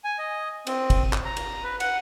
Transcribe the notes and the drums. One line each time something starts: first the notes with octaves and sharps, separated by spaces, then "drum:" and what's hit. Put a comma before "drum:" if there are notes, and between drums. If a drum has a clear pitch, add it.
G#5
D#5
C4, drum: cymbal
drum: kick, cymbal
drum: clap
A#5
drum: cymbal
B4
F#5, drum: cymbal